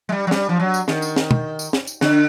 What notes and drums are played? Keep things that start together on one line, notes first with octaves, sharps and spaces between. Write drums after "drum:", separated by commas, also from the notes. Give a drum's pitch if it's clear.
G#3
G3
F#3
G3, drum: snare
F3
F#3
drum: tambourine
D#3, drum: snare
drum: tambourine
drum: snare
drum: tom
drum: tambourine
drum: snare
drum: tambourine
D3, drum: snare